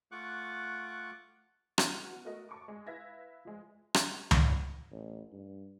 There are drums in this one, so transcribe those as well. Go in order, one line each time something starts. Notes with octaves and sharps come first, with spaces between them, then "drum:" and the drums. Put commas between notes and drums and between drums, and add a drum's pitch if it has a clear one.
A3 F4 F#5 C#6 D6 F#6
E3 B3 F#4 F#5 F6 D#7, drum: rim click
A3 F#4 A#4 D#5
A5 C#6 D6
G#3
E4 B4 E5 F5 G#6 A#6
F3 G#3
drum: rim click
drum: tom C#2
A1
G2